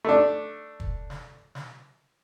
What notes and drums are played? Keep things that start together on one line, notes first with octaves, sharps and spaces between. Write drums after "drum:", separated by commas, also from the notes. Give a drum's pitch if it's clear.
A3 D4
drum: kick
drum: snare
drum: snare